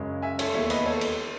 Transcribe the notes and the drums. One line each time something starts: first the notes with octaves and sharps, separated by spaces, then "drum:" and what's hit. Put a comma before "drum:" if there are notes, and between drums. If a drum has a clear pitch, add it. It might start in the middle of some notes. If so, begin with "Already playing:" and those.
Already playing: F#2 C#3 G#3 C#4
E5 G#5
A4 C#5, drum: cymbal
E1 D#2 D#3 C#5 E5
B4 D#5, drum: cymbal
A4 C#5
drum: cymbal